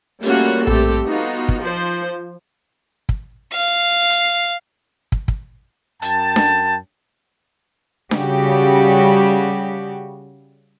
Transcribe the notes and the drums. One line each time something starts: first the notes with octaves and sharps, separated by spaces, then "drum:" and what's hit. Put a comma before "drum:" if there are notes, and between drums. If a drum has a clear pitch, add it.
G3 A3 A#3 C#4 F4 F#4, drum: hi-hat
A3 C4 G4 A4, drum: tom A#1
B3 D#4 F4 F#4
drum: kick
F3 C5
drum: kick
F5
drum: hi-hat
drum: kick
drum: kick
F#2 G5 A5, drum: hi-hat
drum: snare D4
C#3 G3 F#4 G4, drum: snare D4